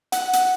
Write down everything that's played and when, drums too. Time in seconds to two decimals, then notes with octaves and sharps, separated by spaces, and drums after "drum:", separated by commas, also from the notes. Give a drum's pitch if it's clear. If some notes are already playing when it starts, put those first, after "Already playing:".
0.12 F#5, drum: hi-hat
0.33 drum: hi-hat